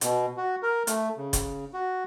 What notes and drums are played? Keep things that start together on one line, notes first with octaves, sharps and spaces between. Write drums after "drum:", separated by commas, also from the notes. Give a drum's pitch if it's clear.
B2, drum: hi-hat
F#4
A#4
A3, drum: hi-hat
C#3
drum: kick E1, hi-hat
F#4